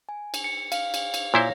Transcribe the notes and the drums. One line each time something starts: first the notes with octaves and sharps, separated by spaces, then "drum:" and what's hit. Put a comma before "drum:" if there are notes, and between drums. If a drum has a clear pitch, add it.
G#5
drum: cymbal
C#7
F5, drum: cymbal
drum: cymbal
drum: cymbal
A#2 E4 C5 C#5 F5 A#6